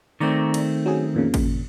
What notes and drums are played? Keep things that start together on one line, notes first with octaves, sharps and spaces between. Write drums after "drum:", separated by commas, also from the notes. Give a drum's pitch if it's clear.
D#3 A3 C4 D5 A#5 C#6
drum: cymbal
F#3 C#4 G#4
F2 A#2 C#3
drum: kick G#1, cymbal